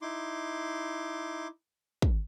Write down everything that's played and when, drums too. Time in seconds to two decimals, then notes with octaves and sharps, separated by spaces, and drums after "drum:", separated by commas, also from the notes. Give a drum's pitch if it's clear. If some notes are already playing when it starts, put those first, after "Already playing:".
0.02 D#4 E4 C6 D6
2.02 drum: kick